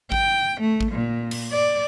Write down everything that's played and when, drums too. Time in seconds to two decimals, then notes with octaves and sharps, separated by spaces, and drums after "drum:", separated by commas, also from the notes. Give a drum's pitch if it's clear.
0.12 G5, drum: kick A1
0.60 A3
0.81 drum: kick A1
0.92 A#2
1.31 drum: cymbal
1.51 D5